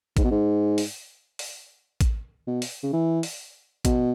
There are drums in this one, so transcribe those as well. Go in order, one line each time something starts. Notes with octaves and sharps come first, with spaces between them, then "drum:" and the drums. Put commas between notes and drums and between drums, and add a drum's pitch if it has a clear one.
G#2, drum: kick, hi-hat
B2
G#2
drum: open hi-hat
drum: open hi-hat
drum: kick, hi-hat
B2
drum: open hi-hat
C#3
E3
drum: open hi-hat
B2, drum: kick, hi-hat